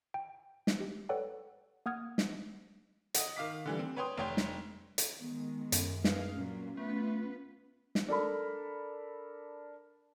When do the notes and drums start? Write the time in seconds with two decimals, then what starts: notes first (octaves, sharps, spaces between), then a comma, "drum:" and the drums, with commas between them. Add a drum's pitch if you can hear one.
0.14 G5
0.67 drum: snare
0.80 G4
1.09 A4 B4 C#5 D5 F#5 G5
1.86 A#3 F#5 D#6 F6 G#6
2.18 drum: snare
3.14 D#5 F#5, drum: hi-hat
3.36 D#3 F5 D6 B6
3.66 D3 E3 G3
3.79 C4
3.96 B4 C#5 G5 C6 D#6
4.18 F1 C#5 G5 C6
4.37 drum: snare
4.98 drum: hi-hat
5.20 D#3 G#3 B3
5.72 F#2, drum: hi-hat
6.04 G#4 B4 F5, drum: snare
6.35 A#2 F#3 A#3 C#4
6.77 A3 B3 F4 B4
7.95 drum: snare
8.08 D4 A4 A#4 B5